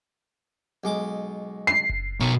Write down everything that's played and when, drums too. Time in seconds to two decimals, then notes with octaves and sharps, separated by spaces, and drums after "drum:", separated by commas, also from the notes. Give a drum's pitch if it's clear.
0.84 B1 G#3 D6
1.67 C7
1.89 drum: kick F#1
2.20 B2 A#4 C#5